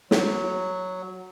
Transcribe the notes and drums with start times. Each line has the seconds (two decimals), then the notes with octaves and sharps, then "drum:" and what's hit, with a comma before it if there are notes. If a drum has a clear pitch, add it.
0.11 F#3, drum: snare